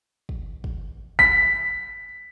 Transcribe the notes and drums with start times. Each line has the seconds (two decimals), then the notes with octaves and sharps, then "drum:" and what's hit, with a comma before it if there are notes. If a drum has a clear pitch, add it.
0.29 drum: kick
0.64 drum: kick
1.19 B6, drum: kick